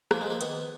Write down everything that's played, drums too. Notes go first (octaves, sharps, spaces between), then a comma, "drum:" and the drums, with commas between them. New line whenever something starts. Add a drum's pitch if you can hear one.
F3 A#3, drum: rim click
G#3
F3 A#3
D#3 B3, drum: hi-hat